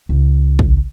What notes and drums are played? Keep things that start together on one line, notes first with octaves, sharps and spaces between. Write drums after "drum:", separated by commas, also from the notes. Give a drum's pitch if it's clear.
C#2
drum: kick